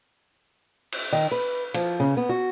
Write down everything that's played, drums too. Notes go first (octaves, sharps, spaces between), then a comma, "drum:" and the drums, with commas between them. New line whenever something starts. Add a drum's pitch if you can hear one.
drum: cymbal
D#3
B4
F3, drum: cymbal
C#3
B3
F#4